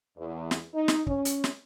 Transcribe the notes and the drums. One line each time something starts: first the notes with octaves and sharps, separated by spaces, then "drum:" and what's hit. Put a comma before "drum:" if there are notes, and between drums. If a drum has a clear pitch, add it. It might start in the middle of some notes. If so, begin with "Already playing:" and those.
E2
drum: snare
D#4
drum: snare
C#4, drum: kick
drum: hi-hat
drum: snare